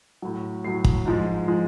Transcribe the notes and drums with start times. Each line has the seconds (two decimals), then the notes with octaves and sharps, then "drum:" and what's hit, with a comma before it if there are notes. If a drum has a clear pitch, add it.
0.22 A2 F#3
0.64 A2 F#3 C7
0.84 drum: kick
1.05 G#2 F3 G#3
1.48 F3 G#3